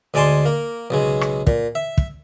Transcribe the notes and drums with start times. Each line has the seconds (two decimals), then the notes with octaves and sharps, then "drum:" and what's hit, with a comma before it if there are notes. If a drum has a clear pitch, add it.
0.14 D2 G#3 D5 G#5 A5 C6
0.46 A#3
0.90 B1 C#3 G#3
1.21 drum: rim click
1.47 A#2, drum: kick
1.75 E5
1.98 drum: kick